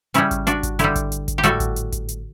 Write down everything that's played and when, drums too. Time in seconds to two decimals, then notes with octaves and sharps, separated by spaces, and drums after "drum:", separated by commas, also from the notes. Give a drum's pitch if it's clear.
0.14 C#3 G3 C#4 E4, drum: hi-hat
0.31 drum: kick G#1, hi-hat
0.47 D4 F#4, drum: hi-hat
0.63 drum: kick G#1, hi-hat
0.79 D3 G3 E4 G4, drum: hi-hat
0.96 drum: kick G#1, hi-hat
1.12 drum: hi-hat
1.28 drum: kick G#1, hi-hat
1.38 G4
1.43 A2 G3 F#4 A4, drum: hi-hat
1.60 drum: kick G#1, hi-hat
1.76 drum: hi-hat
1.92 drum: kick G#1, hi-hat
2.09 drum: hi-hat